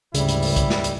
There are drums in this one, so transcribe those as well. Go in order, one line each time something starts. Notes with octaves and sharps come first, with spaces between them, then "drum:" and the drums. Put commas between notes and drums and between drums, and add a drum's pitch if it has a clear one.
D2 G#2 C#3 G3 E4, drum: hi-hat
drum: hi-hat
drum: open hi-hat
drum: kick, hi-hat
drum: snare
drum: hi-hat